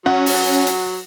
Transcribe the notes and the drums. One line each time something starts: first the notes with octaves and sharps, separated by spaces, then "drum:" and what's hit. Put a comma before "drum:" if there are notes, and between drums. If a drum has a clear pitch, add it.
F#3 C#4 F#5
drum: open hi-hat
drum: hi-hat